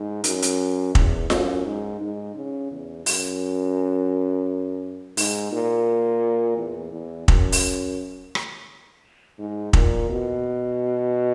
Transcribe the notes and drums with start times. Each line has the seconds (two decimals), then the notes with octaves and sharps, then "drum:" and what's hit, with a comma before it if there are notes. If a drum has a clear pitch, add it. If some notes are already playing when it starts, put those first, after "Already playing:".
Already playing: G#2
0.24 F#2, drum: hi-hat
0.42 drum: hi-hat
0.95 E2, drum: kick
1.30 F#2, drum: snare F4
1.65 G#2
2.01 G#2
2.35 C#3
2.71 E2
3.06 F#2, drum: open hi-hat
5.17 G#2, drum: open hi-hat
5.52 A#2
6.57 E2
6.92 E2
7.28 F#2, drum: kick
7.52 drum: open hi-hat
8.35 drum: rim click
9.39 G#2
9.73 A#2, drum: kick
10.10 B2